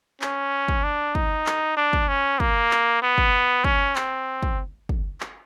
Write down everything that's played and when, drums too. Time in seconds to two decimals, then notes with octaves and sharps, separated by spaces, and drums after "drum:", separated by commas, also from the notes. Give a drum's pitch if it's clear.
0.22 C#4, drum: clap
0.68 drum: kick
0.84 D4
1.15 D#4, drum: kick
1.46 drum: clap
1.77 D4
1.93 drum: kick
2.09 C#4
2.40 A#3, drum: kick
2.71 drum: clap
3.02 B3
3.18 drum: kick
3.64 C#4, drum: kick
3.96 C4, drum: clap
4.43 drum: kick
4.89 drum: kick
5.20 drum: clap